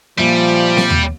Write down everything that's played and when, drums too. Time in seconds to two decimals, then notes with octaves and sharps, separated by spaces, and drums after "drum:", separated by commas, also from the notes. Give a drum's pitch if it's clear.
0.18 A#2 F3 G3 E5
0.77 drum: snare C4
0.90 drum: tom D#2